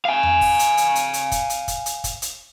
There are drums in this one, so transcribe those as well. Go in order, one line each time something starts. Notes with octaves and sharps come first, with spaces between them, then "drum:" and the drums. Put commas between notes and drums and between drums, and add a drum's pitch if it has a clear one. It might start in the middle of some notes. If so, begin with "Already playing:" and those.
F5 G#5
drum: tom E2
drum: kick, open hi-hat
drum: hi-hat
drum: hi-hat
drum: hi-hat
drum: hi-hat
drum: kick, hi-hat
drum: hi-hat
drum: kick, hi-hat
drum: hi-hat
drum: kick, hi-hat
drum: hi-hat